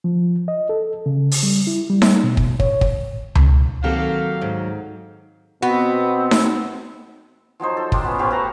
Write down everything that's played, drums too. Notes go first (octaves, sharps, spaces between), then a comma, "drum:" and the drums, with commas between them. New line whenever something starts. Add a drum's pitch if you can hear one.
F3
D#5
A4
C#3
drum: open hi-hat
G3
E4
G3
drum: snare D#4
B2
drum: kick
C#5, drum: kick
drum: kick
drum: tom C#2
D#3 F#3 A#3 C4 G4 A4 F5
G#2
B2 B3 C4 F#4
drum: snare D#4
F3 F#3 D#4 C5
A4
D4 F4 G4, drum: kick
B3 C#4
F#4 G4 C5 F5
A3 B4 A#5